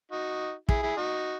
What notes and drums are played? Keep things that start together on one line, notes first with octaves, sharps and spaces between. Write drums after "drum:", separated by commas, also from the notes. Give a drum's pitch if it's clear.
D#4 F#4
E4 G#4, drum: kick
E4 G#4
D#4 F#4